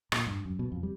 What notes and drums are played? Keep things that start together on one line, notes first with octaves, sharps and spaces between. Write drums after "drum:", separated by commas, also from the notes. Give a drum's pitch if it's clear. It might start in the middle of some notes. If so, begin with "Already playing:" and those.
A#2, drum: rim click
G2
F#2
B2
F2
G3